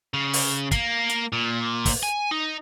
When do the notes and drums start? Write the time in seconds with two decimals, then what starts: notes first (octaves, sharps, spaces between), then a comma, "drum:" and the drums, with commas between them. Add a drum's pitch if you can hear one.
0.14 C#3
0.33 drum: open hi-hat
0.71 A#3, drum: kick, hi-hat
1.09 drum: hi-hat
1.32 A#2
1.86 drum: kick, open hi-hat
2.03 G#5
2.31 D#4